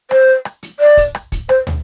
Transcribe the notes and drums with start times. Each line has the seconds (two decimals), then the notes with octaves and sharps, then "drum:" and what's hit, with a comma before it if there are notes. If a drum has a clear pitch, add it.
0.11 C5, drum: rim click
0.45 drum: rim click
0.63 drum: hi-hat
0.80 D5
0.97 drum: kick, open hi-hat
1.15 drum: rim click
1.32 drum: kick, hi-hat
1.49 C5, drum: rim click
1.67 drum: tom